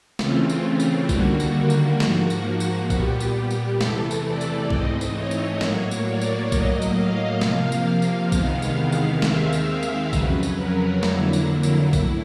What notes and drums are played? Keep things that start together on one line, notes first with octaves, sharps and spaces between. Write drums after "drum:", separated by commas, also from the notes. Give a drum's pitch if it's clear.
C#3 E3 A3 C4 F4, drum: snare
drum: tambourine
drum: tambourine
D#2 D3 G3 A#3 F#4, drum: kick, tambourine
drum: tambourine
drum: tambourine
G#2 F3 A#3, drum: snare
drum: tambourine
drum: tambourine
A#2 G3 B3 G4, drum: kick, tambourine
drum: tambourine
drum: tambourine
E2 C3 E3 A3 A4, drum: snare
drum: tambourine
D5
drum: tambourine
G#2 E3 A3 C4 D#5, drum: kick
drum: tambourine
C#5
drum: tambourine
A2 F#3 A#3 C#5, drum: snare
drum: tambourine
D5
drum: tambourine
A2 F#3 A#3 D#5, drum: kick, tambourine
drum: tambourine
F5
C3 F3 A#3, drum: snare
drum: tambourine
drum: tambourine
E2 C3 D#3 G#3 B3, drum: kick, tambourine
drum: tambourine
drum: tambourine
D#2 D#3 G#3 C4 E5, drum: snare
drum: tambourine
drum: tambourine
F2 C#3 F#3 B4, drum: kick, tambourine
drum: tambourine
A#4
F2 D3 F#3 A#3 E4, drum: snare
drum: tambourine
E4
drum: tambourine
A2 E4, drum: kick, tambourine